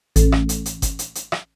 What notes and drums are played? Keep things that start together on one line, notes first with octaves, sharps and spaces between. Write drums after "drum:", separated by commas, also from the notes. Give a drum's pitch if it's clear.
A1, drum: hi-hat
drum: rim click
drum: hi-hat
drum: hi-hat
drum: kick G1, hi-hat
drum: hi-hat
drum: hi-hat
drum: rim click